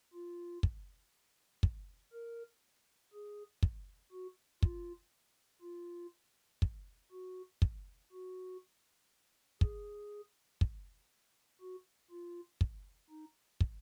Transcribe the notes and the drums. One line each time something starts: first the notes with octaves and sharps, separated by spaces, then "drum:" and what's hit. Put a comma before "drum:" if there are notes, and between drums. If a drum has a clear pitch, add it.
F4
drum: kick
drum: kick
A#4
G#4
drum: kick
F#4
F4, drum: kick
F4
drum: kick
F#4
drum: kick
F#4
G#4, drum: kick
drum: kick
F#4
F4
drum: kick
D#4
drum: kick